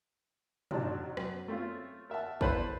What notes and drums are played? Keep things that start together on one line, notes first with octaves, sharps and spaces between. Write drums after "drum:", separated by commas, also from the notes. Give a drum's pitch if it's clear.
A1 C3 F#3 D4 D#4 A5, drum: tom
F#2, drum: rim click
A3 C4 C#4 F4
A#4 E5 F#5 A5
E4 A4 B4 C5 D5 A5, drum: kick